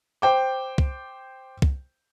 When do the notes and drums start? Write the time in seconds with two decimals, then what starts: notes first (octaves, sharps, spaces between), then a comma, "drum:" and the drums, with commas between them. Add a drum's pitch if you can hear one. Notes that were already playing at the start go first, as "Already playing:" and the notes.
0.22 C5 G5 D6
0.78 drum: kick
1.62 drum: kick